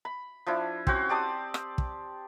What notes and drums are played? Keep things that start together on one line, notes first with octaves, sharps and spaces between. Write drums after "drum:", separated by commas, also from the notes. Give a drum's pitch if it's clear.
B5
F3 D4 E4
C4 C#4 F#4 C5, drum: kick
G4 D5 A5 D#6
drum: rim click
drum: kick